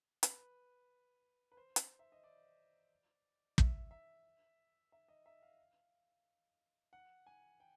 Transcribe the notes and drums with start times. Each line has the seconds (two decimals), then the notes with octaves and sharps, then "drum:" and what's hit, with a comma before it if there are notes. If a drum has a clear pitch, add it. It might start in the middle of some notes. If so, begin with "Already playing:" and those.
0.23 B4, drum: hi-hat
1.52 B4
1.57 C5
1.76 drum: hi-hat
1.99 E5
2.12 D#5
2.24 D5
3.58 E5, drum: kick
3.91 E5
4.92 E5
5.08 D#5
5.26 E5
5.42 F5
6.93 F#5
7.27 G#5
7.60 G5